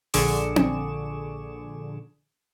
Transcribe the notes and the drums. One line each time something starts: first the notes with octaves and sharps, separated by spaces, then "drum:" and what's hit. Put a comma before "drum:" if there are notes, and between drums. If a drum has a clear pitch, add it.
A#1 D3 G#4 C#6 D6 E7, drum: open hi-hat
drum: tom C4